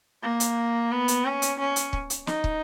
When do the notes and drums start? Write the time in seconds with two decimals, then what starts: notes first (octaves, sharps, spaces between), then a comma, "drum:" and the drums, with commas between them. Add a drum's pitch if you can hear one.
0.22 A#3
0.40 drum: hi-hat
0.92 B3
1.08 drum: hi-hat
1.25 C#4
1.42 drum: hi-hat
1.59 C#4
1.76 drum: hi-hat
1.93 drum: kick
2.10 drum: hi-hat
2.27 D#4, drum: snare
2.44 drum: kick